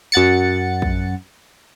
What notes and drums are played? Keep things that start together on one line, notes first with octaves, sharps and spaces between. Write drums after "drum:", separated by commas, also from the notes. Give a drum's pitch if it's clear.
F#2 F#5 A6 C#7
drum: kick